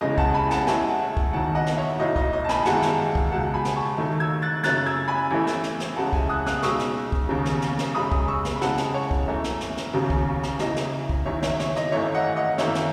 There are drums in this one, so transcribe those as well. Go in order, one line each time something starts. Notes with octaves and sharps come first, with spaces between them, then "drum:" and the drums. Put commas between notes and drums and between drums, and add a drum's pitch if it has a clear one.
E2 C#3 G#3 D#5
F#5 A5, drum: kick
G#5 B5
F#5 A5, drum: snare
A1 A2 G#3 E5 G#5, drum: snare
F#5 A5
drum: kick
E1 D#2 D#3 F#3 F#5 A5
D#5 F#5
drum: snare
C#5 E5
B1 A2 F#3 D#5
D#5, drum: kick
D#5
A5
G#5 B5, drum: snare
G#1 F#2 E3 G#3 F#5 A5, drum: snare
drum: snare
drum: kick
C#2 B2 G#3 F#5 A5
G#5 B5
drum: snare
A5 C#6
D#2 D#3 F#3 A3
E6 G#6
F#6 A6
F#2 C#3 F#3 A3 F#6 A6, drum: snare
E6 G#6
G#5 B5
A1 A2 E3 A3
drum: snare
drum: snare
drum: snare
C#2 C#3 G#3 F#5 A5
E5 G#5, drum: kick
D#6 F#6
D#6 F#6, drum: snare
B1 B2 G#3 C#6 E6, drum: snare
drum: snare
drum: kick
E1 D#2 C#3
drum: snare
drum: snare
drum: snare
F#2 C#3 G#3 B5 D#6
drum: kick
C#6 E6
drum: snare
B5
E1 E2 C#3 G#3 F#5 A5, drum: snare
drum: snare
C#5
drum: kick
F#2 E3 A3
drum: snare
drum: snare
drum: snare
E1 D#2 C#3 F#3
drum: kick
drum: snare
E2 C#3 E3 D#5, drum: snare
drum: snare
drum: kick
F#1 E2 D#3 C#5 E5
C#5 E5, drum: snare
C#5, drum: snare
D#5, drum: snare
G#1 F#2 E3 A3 C#5 E5
D#5 F#5
D#5 F#5
G#1 F#2 E3 A3 C#5 E5, drum: snare
drum: snare